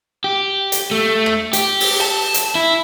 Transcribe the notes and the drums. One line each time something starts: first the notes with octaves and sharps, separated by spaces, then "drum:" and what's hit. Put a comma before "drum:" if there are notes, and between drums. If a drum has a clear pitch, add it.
G4
drum: hi-hat
A3
drum: rim click
G4, drum: hi-hat
drum: open hi-hat
A5
drum: hi-hat
E4